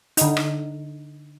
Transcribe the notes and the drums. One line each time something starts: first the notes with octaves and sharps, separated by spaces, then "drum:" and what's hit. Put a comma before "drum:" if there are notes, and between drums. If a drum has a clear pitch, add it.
D3 D#4, drum: hi-hat
drum: rim click